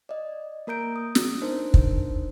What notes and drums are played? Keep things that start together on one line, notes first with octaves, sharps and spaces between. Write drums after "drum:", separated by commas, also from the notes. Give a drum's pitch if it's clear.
D5 D#5
A#3 A#4 A#5 G6 D7
D#6
drum: snare
D4 D#4 A#4 C5
drum: kick